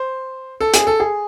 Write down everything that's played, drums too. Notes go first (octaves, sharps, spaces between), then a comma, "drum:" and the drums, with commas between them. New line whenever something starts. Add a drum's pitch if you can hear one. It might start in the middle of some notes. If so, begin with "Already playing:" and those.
Already playing: C5
A4
G#4, drum: hi-hat
A4
G#4